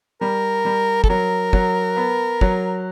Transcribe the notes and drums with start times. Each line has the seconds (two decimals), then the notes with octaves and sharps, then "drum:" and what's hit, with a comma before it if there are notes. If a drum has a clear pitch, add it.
0.21 G3 A#4
0.65 G3
1.04 A4, drum: kick
1.09 F#3 A#4
1.53 F#3, drum: kick
1.97 B3
2.41 F#3, drum: kick